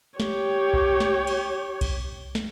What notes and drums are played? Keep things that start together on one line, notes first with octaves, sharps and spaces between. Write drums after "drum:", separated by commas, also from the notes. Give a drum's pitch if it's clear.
G4 C#5, drum: snare
drum: kick B1
drum: snare
drum: cymbal
drum: kick B1, cymbal
drum: snare